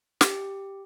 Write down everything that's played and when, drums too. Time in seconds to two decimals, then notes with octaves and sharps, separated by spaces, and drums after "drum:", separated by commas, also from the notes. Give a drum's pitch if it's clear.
0.21 G4, drum: snare